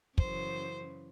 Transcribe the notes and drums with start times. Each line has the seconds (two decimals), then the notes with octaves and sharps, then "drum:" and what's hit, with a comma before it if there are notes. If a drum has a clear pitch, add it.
0.18 F#2 C#3 E3 C5, drum: kick